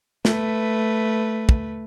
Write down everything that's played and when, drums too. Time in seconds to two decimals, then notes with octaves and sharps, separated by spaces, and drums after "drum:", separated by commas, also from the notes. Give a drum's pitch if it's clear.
0.25 A3 B4, drum: snare
1.49 drum: kick